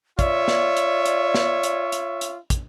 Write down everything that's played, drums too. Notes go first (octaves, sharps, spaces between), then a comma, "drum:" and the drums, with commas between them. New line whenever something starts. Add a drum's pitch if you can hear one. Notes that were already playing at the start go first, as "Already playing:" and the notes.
F4 C#5 D5 E5, drum: kick, hi-hat
drum: snare
drum: hi-hat
drum: hi-hat
drum: snare
drum: hi-hat
drum: hi-hat
drum: hi-hat
drum: kick, hi-hat